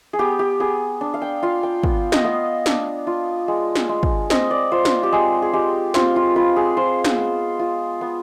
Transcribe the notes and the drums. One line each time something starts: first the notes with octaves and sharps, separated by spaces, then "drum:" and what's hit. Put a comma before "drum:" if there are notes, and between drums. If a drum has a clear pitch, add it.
G#4
B3 G4
G4
B3 G#4
D4
F5
G5
F4 F5
G5
B3, drum: kick
D#5, drum: snare
B3 F5
D4, drum: snare
F4
G#3
drum: snare
G#3
drum: kick
C4 D#5, drum: snare
D5
F4 C5
drum: snare
G4
G#3 G#4
G#4
G#3 G4
C4 F4, drum: snare
F4
F4 B4
G#4
F4 C5
drum: snare
B3
F4
B3